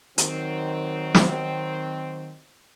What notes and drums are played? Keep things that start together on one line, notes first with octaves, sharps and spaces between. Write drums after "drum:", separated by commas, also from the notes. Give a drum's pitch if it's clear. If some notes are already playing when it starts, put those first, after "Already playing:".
D#3 F#3 C4, drum: hi-hat
drum: snare